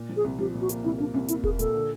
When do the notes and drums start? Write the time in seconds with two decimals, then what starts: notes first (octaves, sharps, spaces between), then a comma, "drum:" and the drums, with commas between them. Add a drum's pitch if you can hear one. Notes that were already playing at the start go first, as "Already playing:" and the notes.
Already playing: A#2
0.09 F3
0.16 G#4
0.24 C2
0.39 F3 G4
0.54 A#2
0.61 F#4
0.69 A#3, drum: hi-hat
0.84 C2 E4
0.98 A#3 D4
1.14 C2 C#4
1.28 A#3 E4, drum: hi-hat
1.44 A#3 G#4, drum: kick E1
1.59 A#2 A4, drum: hi-hat
1.74 D3